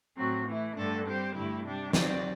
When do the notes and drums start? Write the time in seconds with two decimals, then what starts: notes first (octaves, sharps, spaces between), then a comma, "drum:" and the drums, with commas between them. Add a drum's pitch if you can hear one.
0.17 A2 F#3 C4 F#4
0.46 E3 A3 E4
0.76 G2 D3 A3 D4 A4
1.05 G3 C4 G4 C5
1.35 G2 D3 A3 E4 G4
1.64 C3 G3 D4 G4
1.93 F#3 C4 G4 D5, drum: snare